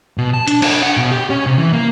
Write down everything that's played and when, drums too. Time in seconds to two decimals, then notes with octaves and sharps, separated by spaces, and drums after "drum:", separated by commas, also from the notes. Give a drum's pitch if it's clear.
0.18 B2
0.33 A5
0.48 D4, drum: hi-hat
0.62 D4, drum: cymbal
0.83 F#5
0.97 B2
1.11 G4
1.30 C#4
1.46 C3
1.58 E3
1.73 A#3